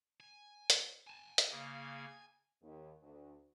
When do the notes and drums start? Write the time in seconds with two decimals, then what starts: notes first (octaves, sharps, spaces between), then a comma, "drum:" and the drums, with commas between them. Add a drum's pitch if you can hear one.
0.20 G#5
0.70 drum: hi-hat
1.07 G#5 A5
1.38 drum: hi-hat
1.51 C#3 A#3
2.62 D#2
3.02 D2